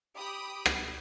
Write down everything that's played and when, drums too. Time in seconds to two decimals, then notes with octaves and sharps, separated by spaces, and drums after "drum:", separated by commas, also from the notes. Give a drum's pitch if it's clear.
0.16 G4 B5 D#6 D7
0.66 drum: rim click